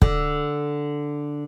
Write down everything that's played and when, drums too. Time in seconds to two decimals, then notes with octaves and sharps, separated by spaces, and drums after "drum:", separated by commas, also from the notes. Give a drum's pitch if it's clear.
0.02 D3, drum: kick